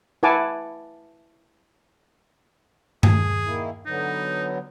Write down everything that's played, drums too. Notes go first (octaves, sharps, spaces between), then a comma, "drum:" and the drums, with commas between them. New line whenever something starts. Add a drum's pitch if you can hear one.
E4 B4 F#5 G#5 A5 D6
G#4, drum: tom G2
D#3 A#3 E4
D3 F#3 B3 D#4